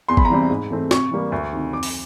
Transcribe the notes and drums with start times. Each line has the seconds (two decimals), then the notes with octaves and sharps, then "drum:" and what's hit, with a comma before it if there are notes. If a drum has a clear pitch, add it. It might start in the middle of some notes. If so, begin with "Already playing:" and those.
0.09 E2 C6
0.17 B5, drum: kick G#1
0.25 A#5
0.30 C3 E3 G3 C4 B5
0.50 G#2
0.71 E3 A3 C4
0.91 C3 C#6, drum: snare
1.11 E3 G3 A#3
1.32 D2
1.53 C3 D#3
1.73 F2 D6
1.83 drum: open hi-hat